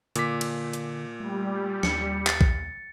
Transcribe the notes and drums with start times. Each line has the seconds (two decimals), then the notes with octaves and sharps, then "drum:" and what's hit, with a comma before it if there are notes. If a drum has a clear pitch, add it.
0.16 A#2 D3 D6 B6, drum: hi-hat
0.41 drum: cymbal
0.73 drum: hi-hat
1.20 G3 A3
1.83 D#2 C#7, drum: snare
2.27 A6, drum: clap
2.41 drum: kick B1